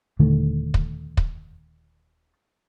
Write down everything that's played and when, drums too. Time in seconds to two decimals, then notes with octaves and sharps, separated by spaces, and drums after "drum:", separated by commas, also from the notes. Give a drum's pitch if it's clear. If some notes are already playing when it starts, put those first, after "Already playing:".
0.19 D#1 D3 D#3 A3
0.74 drum: kick
1.17 drum: kick